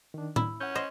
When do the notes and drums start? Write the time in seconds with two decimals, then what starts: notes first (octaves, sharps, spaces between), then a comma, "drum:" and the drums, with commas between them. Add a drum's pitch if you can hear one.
0.14 D#3 D4
0.36 E4, drum: tom A2
0.61 C#4 F#5 G6
0.75 C5 D#5